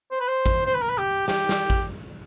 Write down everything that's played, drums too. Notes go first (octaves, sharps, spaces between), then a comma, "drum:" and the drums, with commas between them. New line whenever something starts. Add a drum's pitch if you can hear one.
C5
B4
C5
drum: kick A1
C5
B4
A#4
B4
G4
G4, drum: snare
drum: snare
drum: kick A1